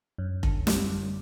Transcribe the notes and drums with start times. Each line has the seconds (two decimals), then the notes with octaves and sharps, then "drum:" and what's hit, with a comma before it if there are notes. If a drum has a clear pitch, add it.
0.18 F#2
0.43 D3, drum: kick F1
0.67 G3, drum: snare
0.91 F#2